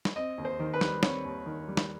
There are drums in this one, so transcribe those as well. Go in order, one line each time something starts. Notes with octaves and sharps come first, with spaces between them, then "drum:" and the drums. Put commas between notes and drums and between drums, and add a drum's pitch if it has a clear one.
drum: snare
C4 D#5
D#2
C5
D#3
B4
G3, drum: snare
C4 C#5, drum: snare
D#2
D#3
G3
drum: snare